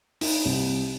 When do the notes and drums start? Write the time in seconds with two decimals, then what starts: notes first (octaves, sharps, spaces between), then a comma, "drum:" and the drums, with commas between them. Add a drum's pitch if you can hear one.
0.21 D#4, drum: open hi-hat
0.45 C2